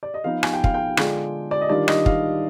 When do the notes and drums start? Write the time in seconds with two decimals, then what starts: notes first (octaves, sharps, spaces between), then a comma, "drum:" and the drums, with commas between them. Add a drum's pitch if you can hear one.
0.03 D5
0.14 D#5
0.24 F3 B3 D#4 F5
0.43 G#5, drum: rim click
0.53 G5
0.64 F5, drum: kick
0.74 G5
0.97 D3 G#3 D4 F4, drum: rim click
1.51 D5
1.61 D#5
1.69 D#3 G3 D4 F4 D5
1.88 D#5, drum: rim click
2.06 F5, drum: kick